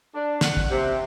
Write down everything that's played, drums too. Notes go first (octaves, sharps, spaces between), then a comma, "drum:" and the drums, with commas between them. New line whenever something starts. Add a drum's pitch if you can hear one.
D4
F#5, drum: snare
drum: kick
C3